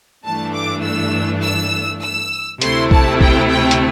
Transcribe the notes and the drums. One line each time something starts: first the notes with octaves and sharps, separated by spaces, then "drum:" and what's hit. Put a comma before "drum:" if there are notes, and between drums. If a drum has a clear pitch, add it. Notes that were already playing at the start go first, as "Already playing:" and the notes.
G2 E3 A3 D4 A5
D6
E6
E6
E6
D2 C3 A3 C4 E4 C6, drum: hi-hat
A5, drum: kick
G5, drum: kick
G5
drum: hi-hat